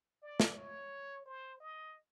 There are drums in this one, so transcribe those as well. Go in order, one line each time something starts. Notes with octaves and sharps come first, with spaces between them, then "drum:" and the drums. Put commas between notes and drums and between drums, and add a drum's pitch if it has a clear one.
D5
drum: snare
C#5
C5
D#5